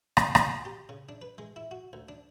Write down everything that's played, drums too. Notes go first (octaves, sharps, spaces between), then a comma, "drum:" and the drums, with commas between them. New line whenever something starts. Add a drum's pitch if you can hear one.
drum: rim click
drum: rim click
G4
C#3
D4
B4
G#3
E4
F#4
D2
D4